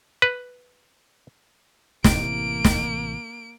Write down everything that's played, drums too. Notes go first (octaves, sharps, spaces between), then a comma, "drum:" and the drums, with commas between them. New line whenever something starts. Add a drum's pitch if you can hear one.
B4
A1 C3 E3 A#3 D7, drum: snare
drum: snare